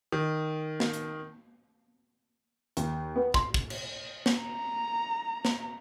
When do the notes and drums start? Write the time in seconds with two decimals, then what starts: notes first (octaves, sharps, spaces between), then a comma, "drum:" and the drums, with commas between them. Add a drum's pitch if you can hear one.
0.12 D#3
0.80 drum: snare
0.93 drum: hi-hat
2.77 D#2, drum: hi-hat
3.16 B3
3.34 C6, drum: kick
3.54 drum: kick
3.70 drum: cymbal
4.26 drum: snare
4.41 A#5
5.45 drum: snare